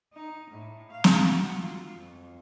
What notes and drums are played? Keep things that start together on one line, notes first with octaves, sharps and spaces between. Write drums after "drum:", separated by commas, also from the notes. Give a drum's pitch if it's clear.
D#4
A2
F5
drum: snare
F#4
F4
F2